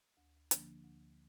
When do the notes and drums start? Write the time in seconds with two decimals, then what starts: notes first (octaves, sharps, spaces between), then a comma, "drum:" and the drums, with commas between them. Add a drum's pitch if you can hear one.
0.17 D2
0.51 D3 F3 A#3 D4, drum: hi-hat
0.84 D2